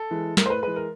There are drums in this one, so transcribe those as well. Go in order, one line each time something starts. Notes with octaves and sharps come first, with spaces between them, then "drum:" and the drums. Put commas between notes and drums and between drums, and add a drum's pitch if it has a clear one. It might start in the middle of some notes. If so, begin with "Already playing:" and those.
Already playing: A4
E3 G#3
A2 A#4, drum: snare
C5
B4
E3 G#3 B4
A#4